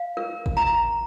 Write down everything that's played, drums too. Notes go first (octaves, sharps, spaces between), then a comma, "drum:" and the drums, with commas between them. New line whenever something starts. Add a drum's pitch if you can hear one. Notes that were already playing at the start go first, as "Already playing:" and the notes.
Already playing: F5
A#4
drum: kick G1
A#5